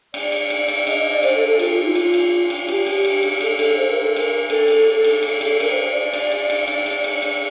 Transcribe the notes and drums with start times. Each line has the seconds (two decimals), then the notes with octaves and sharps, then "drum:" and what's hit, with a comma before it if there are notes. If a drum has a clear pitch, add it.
0.14 D5, drum: cymbal
0.32 drum: cymbal
0.50 drum: cymbal
0.68 drum: cymbal
0.87 D#5, drum: cymbal
0.99 D#5
1.11 D5
1.23 C5, drum: cymbal
1.35 A4
1.48 A4
1.59 F4, drum: cymbal
1.71 F4
1.83 D#4
1.95 F4, drum: cymbal
2.14 drum: cymbal
2.50 drum: cymbal
2.69 G4, drum: cymbal
2.86 drum: cymbal
3.05 drum: cymbal
3.23 drum: cymbal
3.41 A4, drum: cymbal
3.59 A4, drum: cymbal
3.77 C5
3.90 A#4
4.03 A4
4.16 A#4, drum: cymbal
4.50 A4, drum: cymbal
4.68 drum: cymbal
5.04 drum: cymbal
5.23 A4, drum: cymbal
5.41 A4, drum: cymbal
5.60 A#4, drum: cymbal
5.71 C5
5.83 D5
5.95 D5
6.13 drum: cymbal
6.32 drum: cymbal
6.50 drum: cymbal
6.68 D5, drum: cymbal
6.86 drum: cymbal
7.04 drum: cymbal
7.22 drum: cymbal